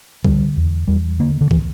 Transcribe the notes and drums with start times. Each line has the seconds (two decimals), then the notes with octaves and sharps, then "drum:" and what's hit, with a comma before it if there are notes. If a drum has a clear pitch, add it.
0.25 D3 G3, drum: kick
0.57 E2
0.88 E2 G3
1.19 D3 A#3
1.41 D3
1.51 E3, drum: kick